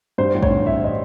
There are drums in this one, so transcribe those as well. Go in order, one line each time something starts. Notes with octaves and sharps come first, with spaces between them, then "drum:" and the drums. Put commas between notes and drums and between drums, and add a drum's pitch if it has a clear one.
G2 C5
A1
C#5, drum: kick
D3
A1 E5
D#5